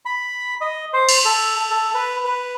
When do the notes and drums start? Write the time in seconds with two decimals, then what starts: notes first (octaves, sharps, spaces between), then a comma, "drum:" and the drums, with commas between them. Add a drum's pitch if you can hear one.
0.05 B5
0.61 D#5
0.93 C5
1.09 drum: cymbal
1.25 A4
1.70 A4
1.94 B4
2.24 B4